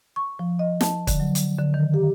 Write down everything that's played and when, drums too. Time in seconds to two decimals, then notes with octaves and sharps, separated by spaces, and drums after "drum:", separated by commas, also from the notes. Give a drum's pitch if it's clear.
0.16 C#6
0.39 F3
0.59 D#5
0.81 A5, drum: snare
1.07 D3, drum: kick, hi-hat
1.20 F#3
1.35 drum: hi-hat
1.58 D3
1.74 D#3
1.94 G4